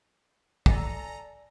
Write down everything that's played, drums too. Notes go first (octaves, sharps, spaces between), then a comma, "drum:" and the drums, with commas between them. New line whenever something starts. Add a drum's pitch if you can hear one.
A4 D5 G#5 A#5, drum: kick